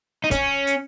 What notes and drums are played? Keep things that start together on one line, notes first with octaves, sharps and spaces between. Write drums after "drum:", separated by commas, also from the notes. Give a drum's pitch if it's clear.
D#4
C#4, drum: kick, hi-hat
drum: hi-hat